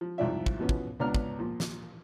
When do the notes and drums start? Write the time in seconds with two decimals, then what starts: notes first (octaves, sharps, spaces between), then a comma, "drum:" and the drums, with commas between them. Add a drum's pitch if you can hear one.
0.01 F3
0.18 C2 F2 G#2 F4 D5 E5
0.46 drum: kick
0.59 B2 E3 F3 B3 C#4
0.69 drum: kick
1.00 C#2 B3 D4 A#5 F6
1.14 drum: kick
1.39 A#2 F3
1.60 drum: snare